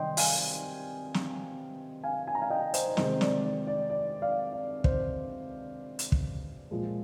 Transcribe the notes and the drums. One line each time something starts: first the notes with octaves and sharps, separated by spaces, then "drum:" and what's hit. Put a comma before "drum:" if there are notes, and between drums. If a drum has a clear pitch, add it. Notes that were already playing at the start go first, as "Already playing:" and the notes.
Already playing: C3 D#3 G3 D#5 G5 C6
F5 G#5, drum: open hi-hat
drum: snare
F5 G#5
G#5
A#5
F5 G#5
D#5 G5
C5 D#5, drum: hi-hat
C3 D#3 G#3 C5 D#5, drum: snare
D5, drum: snare
D5
D5
D5
D5 F5
D5
C5, drum: kick
drum: hi-hat
drum: kick
A#2 F3 G#3